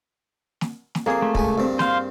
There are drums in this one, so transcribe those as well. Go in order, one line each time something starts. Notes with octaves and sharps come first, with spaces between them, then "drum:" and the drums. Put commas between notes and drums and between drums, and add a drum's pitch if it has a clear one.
drum: snare
drum: snare
F2 A#3 G#4 C6
A3
C#2 G#5 A5, drum: kick
G2 C4
C5 F5, drum: snare